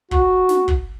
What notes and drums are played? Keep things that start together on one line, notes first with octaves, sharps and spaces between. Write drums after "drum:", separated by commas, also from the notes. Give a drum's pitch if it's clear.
F#4, drum: kick
drum: snare
drum: kick